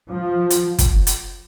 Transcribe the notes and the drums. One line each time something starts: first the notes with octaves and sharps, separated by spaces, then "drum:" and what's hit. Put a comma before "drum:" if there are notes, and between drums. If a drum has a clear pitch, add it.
F3
drum: hi-hat
drum: kick, hi-hat
drum: hi-hat